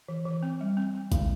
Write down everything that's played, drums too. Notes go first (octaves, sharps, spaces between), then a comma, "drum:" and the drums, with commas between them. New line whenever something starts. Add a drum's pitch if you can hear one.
E3
E3
C4
G3
C4
C4
G#3, drum: kick A1, hi-hat